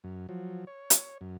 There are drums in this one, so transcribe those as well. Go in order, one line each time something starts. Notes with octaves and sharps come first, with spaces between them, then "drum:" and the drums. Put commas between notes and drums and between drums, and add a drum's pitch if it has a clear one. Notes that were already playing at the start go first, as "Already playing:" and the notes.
F#2
F3 F#3
C#5
drum: hi-hat
F#2